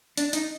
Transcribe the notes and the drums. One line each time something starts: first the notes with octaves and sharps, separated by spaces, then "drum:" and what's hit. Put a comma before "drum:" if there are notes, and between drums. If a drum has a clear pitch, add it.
D4, drum: hi-hat
D#4, drum: hi-hat